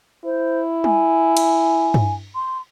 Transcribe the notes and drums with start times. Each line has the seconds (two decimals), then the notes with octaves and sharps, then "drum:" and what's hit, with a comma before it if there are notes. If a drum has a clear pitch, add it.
0.25 E4 C5
0.84 G#5, drum: tom G3
1.37 drum: cymbal
1.94 drum: tom G2
2.35 C6